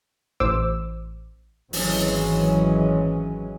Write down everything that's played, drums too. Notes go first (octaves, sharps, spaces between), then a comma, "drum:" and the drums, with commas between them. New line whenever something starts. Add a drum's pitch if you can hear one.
A1 C5 D6 E6
G#1 E3 F#3 G#3 C#4, drum: open hi-hat